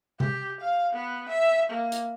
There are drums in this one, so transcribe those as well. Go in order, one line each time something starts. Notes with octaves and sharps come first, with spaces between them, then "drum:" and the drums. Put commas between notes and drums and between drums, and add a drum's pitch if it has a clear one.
G4, drum: tom C3
F5
B3
E5
A#3
drum: hi-hat